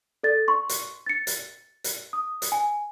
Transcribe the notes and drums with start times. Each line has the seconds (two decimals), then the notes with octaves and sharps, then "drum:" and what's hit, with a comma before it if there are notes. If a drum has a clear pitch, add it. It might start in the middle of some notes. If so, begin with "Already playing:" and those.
0.23 A4 D5 A6
0.48 C6 C#6
0.69 drum: hi-hat
1.06 A6 C#7
1.27 drum: hi-hat
1.84 drum: hi-hat
2.13 D#6
2.42 drum: hi-hat
2.52 G#5